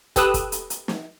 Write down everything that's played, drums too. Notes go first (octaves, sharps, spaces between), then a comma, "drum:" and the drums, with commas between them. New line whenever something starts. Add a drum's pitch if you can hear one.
G4 A4 B4 D#6 E6 F#6, drum: kick, hi-hat
drum: kick, hi-hat
drum: hi-hat
drum: hi-hat
drum: snare